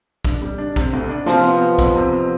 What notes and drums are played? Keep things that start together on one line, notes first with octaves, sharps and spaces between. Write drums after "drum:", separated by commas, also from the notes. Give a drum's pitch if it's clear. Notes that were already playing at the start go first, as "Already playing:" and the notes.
D4, drum: kick A#1, hi-hat
G3
D4
C3, drum: kick A#1, hi-hat
D2
D4
C3 F3, drum: snare
B3
B3
F2, drum: kick A#1, hi-hat
C3
B3